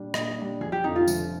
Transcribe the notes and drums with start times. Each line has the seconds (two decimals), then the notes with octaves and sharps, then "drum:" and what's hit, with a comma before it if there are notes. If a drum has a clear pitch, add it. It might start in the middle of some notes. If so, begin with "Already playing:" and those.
Already playing: A#2 G3 D4
0.14 A#2 D#5, drum: rim click
0.37 G3 D4
0.61 F1 G#4
0.72 G4
0.84 F2 D3 F3 D#4
0.96 F4
1.08 F1, drum: tambourine